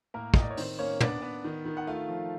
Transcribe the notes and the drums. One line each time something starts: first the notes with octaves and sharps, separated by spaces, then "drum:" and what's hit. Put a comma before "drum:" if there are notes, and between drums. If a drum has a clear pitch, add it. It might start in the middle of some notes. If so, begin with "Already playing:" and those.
A2 A#3 A#4
A2 D#5, drum: kick
D5
C#5
D#3 C4 C5, drum: open hi-hat
A#3 C#4 C#5
B3 D4 D5, drum: tom
B3
D#3
D#3
F#5
A3 F4 F5
F3